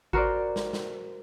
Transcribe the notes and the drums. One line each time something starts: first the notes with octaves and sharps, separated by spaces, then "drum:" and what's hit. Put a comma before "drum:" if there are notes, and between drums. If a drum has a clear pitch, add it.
F#4 A#4 C5 D5, drum: kick G#1
drum: snare
drum: snare